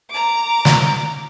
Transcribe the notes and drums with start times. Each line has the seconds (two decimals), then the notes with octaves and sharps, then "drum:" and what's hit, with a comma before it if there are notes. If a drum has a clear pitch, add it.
0.11 A#5 D6
0.65 drum: snare